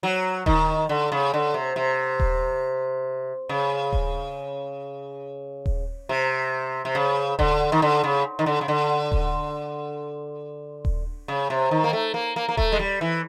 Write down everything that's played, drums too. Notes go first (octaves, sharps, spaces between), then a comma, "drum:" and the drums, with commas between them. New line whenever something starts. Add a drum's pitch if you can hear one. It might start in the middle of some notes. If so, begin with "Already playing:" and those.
F#3
D#3, drum: kick D#1
D3
C#3
D3
C3
C3
drum: kick D#1
C#3
drum: kick D#1
drum: kick D#1
C3
C3
C#3
D3, drum: kick D#1
D#3
D3
C#3
D#3
D3
C#3
D3
drum: kick D#1
drum: kick D#1
C#3
C3
D#3
A#3
A3
A#3
A#3
A#3
A3, drum: kick D#1
G#3
G3
E3